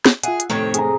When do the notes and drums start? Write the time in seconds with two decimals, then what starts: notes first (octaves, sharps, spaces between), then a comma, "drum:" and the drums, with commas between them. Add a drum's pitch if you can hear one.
0.06 drum: snare
0.23 F4 G#4 E5 F#5, drum: hi-hat
0.40 drum: hi-hat
0.50 F2 A2 C3 D#3 A3 C4 C#5
0.74 G#4 A#5, drum: hi-hat